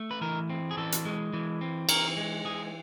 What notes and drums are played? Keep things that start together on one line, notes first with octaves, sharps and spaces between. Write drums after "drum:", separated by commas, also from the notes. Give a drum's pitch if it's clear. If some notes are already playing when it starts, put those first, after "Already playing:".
Already playing: A3
B4
E3 A#4
C4
G#4
E3 A4
drum: hi-hat
G#3
E3
C4
E3 A#4, drum: cymbal
G#3
E3 G#4